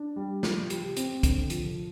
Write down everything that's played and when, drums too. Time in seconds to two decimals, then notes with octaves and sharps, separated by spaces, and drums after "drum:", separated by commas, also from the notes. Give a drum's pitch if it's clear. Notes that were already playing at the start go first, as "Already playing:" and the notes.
Already playing: D4
0.16 G3
0.43 F3, drum: snare
0.70 G4, drum: hi-hat
0.97 C4, drum: hi-hat
1.23 D3, drum: kick, hi-hat
1.50 F3, drum: hi-hat